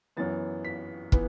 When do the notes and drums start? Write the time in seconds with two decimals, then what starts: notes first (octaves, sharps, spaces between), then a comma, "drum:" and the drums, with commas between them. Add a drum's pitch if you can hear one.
0.16 F#2 E3 B3 A6
0.65 B6
1.12 E3 B3, drum: kick